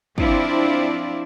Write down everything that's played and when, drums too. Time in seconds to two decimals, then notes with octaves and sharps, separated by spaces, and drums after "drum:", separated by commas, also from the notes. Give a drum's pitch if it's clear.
0.18 F3 C4 D4 E4 F4 D5, drum: kick